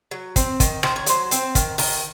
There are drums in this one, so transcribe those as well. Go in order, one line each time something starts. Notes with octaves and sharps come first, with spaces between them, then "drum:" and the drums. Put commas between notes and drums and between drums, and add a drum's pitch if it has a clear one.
F#3
C4, drum: kick, hi-hat
D#3, drum: kick, hi-hat
D#3 C5, drum: rim click
C#5
F#3 C5, drum: hi-hat
C4, drum: hi-hat
D#3, drum: kick, hi-hat
D#3, drum: open hi-hat